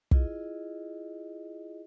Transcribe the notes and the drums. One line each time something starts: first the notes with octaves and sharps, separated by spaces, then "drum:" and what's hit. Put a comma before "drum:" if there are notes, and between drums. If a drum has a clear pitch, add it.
E4 F4 G#4 D#5, drum: kick